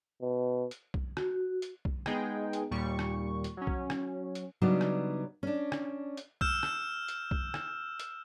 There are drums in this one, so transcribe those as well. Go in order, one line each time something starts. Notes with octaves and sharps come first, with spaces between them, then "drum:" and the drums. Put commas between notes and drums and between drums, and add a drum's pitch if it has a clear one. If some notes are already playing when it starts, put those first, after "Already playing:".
B2
drum: hi-hat
drum: kick B1
F#4, drum: rim click
drum: hi-hat
drum: kick B1
G#3 B3 D#4 G#4 G5, drum: rim click
drum: hi-hat
D#2 A#2 G3 C#6
drum: rim click
drum: hi-hat
F#3 C#4
drum: kick B1
drum: rim click
drum: hi-hat
C#3 F#3 G3 B3 D4 D#4
drum: rim click
C#4 D4
drum: rim click
drum: hi-hat
E6 F6 G6 E7, drum: kick B1
drum: rim click
drum: hi-hat
drum: kick B1
drum: rim click
drum: hi-hat